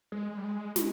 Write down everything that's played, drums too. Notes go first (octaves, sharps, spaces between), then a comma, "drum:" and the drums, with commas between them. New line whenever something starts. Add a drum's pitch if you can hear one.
G#3
G3
G#3
G#3, drum: snare